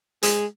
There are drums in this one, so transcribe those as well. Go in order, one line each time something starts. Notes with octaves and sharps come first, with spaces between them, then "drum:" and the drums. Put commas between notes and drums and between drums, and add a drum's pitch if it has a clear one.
G#3, drum: hi-hat